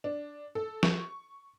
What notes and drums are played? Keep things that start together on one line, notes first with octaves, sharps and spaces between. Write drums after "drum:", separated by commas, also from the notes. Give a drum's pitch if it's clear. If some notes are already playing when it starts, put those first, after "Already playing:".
D4
A4
C#6, drum: snare